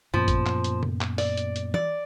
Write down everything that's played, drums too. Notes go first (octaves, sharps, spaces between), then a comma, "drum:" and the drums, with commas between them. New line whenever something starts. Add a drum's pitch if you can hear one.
F#2 A#2 F3 B3
drum: kick, hi-hat
drum: clap
drum: hi-hat
drum: tom C3
drum: clap
D5, drum: open hi-hat
drum: hi-hat
drum: hi-hat
D5, drum: tom E3